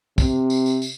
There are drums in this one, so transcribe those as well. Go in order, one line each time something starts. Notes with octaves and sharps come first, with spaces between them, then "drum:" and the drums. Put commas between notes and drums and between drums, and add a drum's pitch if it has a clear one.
C3, drum: kick, tambourine
drum: tambourine
drum: tambourine
drum: tambourine